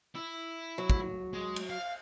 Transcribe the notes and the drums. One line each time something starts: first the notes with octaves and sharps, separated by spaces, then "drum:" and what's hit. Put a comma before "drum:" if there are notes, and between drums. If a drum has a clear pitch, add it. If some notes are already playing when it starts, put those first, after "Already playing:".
E4
F#3
drum: kick
G#3
drum: cymbal
F5